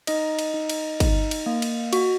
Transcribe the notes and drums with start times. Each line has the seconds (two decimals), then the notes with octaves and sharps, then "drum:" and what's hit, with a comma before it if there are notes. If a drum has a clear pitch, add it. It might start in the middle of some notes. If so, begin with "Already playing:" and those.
0.07 D#4 D#5, drum: cymbal
0.39 drum: cymbal
0.54 D#4
0.70 drum: cymbal
1.00 D#4, drum: kick, cymbal
1.31 drum: cymbal
1.46 A#3
1.62 drum: cymbal
1.93 F#4, drum: cymbal